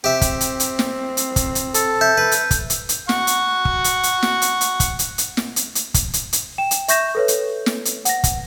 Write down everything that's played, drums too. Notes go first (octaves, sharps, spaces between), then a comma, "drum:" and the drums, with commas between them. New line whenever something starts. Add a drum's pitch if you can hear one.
C4 G4 E5
drum: kick, hi-hat
drum: hi-hat
drum: hi-hat
drum: snare
drum: hi-hat
drum: kick, hi-hat
drum: hi-hat
A4, drum: hi-hat
E5 G6
B4
drum: hi-hat
drum: kick, hi-hat
drum: hi-hat
drum: hi-hat
F#5 C#6, drum: snare
drum: hi-hat
drum: kick
drum: hi-hat
drum: hi-hat
drum: snare
drum: hi-hat
drum: hi-hat
drum: kick, hi-hat
drum: hi-hat
drum: hi-hat
drum: snare
drum: hi-hat
drum: hi-hat
drum: kick, hi-hat
drum: hi-hat
drum: hi-hat
G5 E7
drum: hi-hat
E5 C#6 G6 A#6 E7, drum: hi-hat
A4 B4 C#5
drum: hi-hat
drum: snare
drum: hi-hat
F#5 A#6, drum: hi-hat
drum: kick, hi-hat